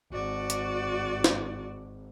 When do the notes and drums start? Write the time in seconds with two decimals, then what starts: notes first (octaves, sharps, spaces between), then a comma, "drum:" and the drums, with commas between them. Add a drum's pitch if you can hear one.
0.13 G#1 F#4 D5
0.50 drum: hi-hat
1.24 drum: snare